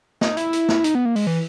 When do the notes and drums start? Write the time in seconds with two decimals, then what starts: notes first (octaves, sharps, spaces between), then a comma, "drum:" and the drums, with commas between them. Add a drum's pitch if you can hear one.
0.21 D#4, drum: snare
0.37 E4, drum: hi-hat
0.53 drum: hi-hat
0.69 drum: snare
0.84 D#4, drum: hi-hat
0.95 B3
1.06 A#3
1.16 G#3, drum: open hi-hat
1.27 E3